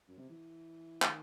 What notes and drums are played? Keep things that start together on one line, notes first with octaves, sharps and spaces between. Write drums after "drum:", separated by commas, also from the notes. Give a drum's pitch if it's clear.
F#2
C3
E3
D#3, drum: clap